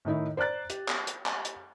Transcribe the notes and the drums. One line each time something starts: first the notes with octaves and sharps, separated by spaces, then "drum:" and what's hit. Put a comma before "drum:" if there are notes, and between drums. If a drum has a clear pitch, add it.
A2 D#3 D#4 E4
C5 D5 A#5 F#6 A6
G4, drum: hi-hat
drum: clap
drum: hi-hat
drum: clap
drum: hi-hat